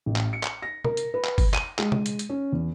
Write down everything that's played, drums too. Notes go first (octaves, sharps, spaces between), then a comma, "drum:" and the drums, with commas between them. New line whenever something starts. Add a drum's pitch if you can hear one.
A1
drum: clap
C#7
drum: clap
A#6
A#4, drum: tom
drum: hi-hat
B4
drum: clap
drum: kick G1, open hi-hat
D#7, drum: clap
G#3, drum: clap
G#3, drum: tom
drum: hi-hat
drum: hi-hat
C#4
E2